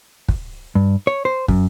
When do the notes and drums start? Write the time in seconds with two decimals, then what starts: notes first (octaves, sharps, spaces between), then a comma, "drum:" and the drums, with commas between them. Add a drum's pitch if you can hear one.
0.29 drum: kick
0.75 G2
1.07 C#5
1.25 C5
1.48 F#2, drum: kick